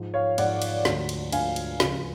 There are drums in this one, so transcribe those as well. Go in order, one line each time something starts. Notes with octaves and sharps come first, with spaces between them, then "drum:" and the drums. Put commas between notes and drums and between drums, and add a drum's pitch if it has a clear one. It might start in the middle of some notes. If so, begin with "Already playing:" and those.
Already playing: G#2 F3
C#5 F5
G#2 F3 D5 F#5, drum: cymbal
drum: cymbal
D2 D3 F3, drum: snare
drum: cymbal
D2 D3 F3 F5 G#5, drum: cymbal
drum: cymbal
C#2 C#3 F3, drum: snare